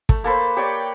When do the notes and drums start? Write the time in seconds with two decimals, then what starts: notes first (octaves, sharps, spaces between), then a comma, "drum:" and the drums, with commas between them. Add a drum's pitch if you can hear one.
0.09 A3, drum: kick
0.24 A#3 A4 B4 C5
0.57 G4 C#5 D5 G5